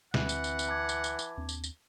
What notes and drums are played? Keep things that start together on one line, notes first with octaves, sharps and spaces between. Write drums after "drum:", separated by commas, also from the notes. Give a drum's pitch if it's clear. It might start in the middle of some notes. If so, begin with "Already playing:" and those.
D2 E3 C4 F#5, drum: snare
drum: tambourine
drum: tambourine
drum: tambourine
A5 D6 G#6
drum: tambourine
drum: tambourine
drum: tambourine
D#2 C4 D4
drum: tambourine
drum: tambourine